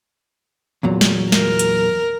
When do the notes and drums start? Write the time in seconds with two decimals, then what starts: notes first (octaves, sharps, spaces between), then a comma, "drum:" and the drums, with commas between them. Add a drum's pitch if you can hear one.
0.83 E2 A#2 F#3
1.01 drum: snare
1.32 A#4, drum: snare
1.59 drum: hi-hat